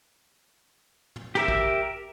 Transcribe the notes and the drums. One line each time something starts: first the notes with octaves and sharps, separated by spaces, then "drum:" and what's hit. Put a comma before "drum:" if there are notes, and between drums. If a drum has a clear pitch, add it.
drum: tom
G4 A#4 E5, drum: snare
drum: kick